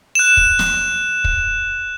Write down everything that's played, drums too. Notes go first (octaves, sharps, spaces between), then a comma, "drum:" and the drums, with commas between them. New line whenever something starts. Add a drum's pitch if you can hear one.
F#6 E7
drum: kick
drum: snare
drum: kick